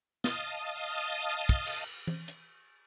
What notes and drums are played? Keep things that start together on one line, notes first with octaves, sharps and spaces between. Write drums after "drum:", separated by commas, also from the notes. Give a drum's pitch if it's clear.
D#5 F5 A5 D#6, drum: snare
drum: kick
drum: cymbal
drum: tom E3
drum: hi-hat